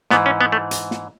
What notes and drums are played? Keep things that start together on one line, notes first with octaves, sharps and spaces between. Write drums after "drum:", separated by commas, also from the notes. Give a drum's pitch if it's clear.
G#2 E3 B3, drum: snare
C#4
B3
A3
drum: hi-hat
drum: snare